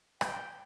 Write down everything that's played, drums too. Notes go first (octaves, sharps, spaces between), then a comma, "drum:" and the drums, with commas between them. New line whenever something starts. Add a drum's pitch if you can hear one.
G5, drum: rim click